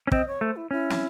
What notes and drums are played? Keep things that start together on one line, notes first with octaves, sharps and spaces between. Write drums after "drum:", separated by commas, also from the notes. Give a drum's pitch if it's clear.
C#4
C4 D#5, drum: kick
C#5
A3 C5
E4
C#4 E4
drum: snare